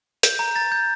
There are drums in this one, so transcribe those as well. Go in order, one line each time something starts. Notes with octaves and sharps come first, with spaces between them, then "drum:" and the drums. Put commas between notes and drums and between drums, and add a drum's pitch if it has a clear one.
G6, drum: hi-hat
A#5
A#5 A6
G6